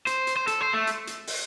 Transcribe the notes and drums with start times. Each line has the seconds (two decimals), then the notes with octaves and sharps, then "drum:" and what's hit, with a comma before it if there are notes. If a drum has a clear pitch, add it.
0.07 C5, drum: hi-hat
0.27 drum: hi-hat
0.36 C5
0.47 A4, drum: hi-hat
0.61 C5
0.73 A3
0.87 drum: hi-hat
1.07 drum: hi-hat
1.27 drum: open hi-hat